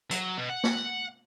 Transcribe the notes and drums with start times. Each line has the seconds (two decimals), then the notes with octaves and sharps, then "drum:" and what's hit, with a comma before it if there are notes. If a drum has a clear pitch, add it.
0.11 F#3, drum: hi-hat
0.37 B2
0.49 F#5
0.63 drum: snare